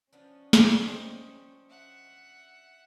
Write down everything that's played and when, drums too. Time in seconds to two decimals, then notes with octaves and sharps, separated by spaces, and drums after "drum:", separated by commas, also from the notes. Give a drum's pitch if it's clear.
0.13 F3 B3 C#4 D4
0.53 drum: snare
0.87 C5 D#5 G5
1.70 E5 F#5